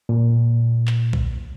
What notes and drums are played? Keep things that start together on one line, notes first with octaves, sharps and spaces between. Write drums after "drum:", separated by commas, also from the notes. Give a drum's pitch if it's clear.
A#2
drum: clap
drum: kick A#1